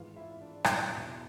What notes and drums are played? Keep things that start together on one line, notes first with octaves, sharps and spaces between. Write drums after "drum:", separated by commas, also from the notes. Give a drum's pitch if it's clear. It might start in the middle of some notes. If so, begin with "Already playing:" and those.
Already playing: G#2 E3 F4 F5
E4 E5
D4 D5
E4, drum: rim click
E2 B2
E4